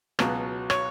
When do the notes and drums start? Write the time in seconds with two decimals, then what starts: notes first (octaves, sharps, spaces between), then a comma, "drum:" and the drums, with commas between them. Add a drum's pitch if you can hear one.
0.19 C#2 B2 F#3, drum: rim click
0.70 C#5, drum: rim click